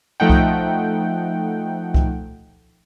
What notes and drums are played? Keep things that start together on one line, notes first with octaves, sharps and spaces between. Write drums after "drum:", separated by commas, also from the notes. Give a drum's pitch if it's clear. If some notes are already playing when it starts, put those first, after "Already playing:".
F3 A3 D#4 F#5 G5
drum: kick C2
drum: kick C2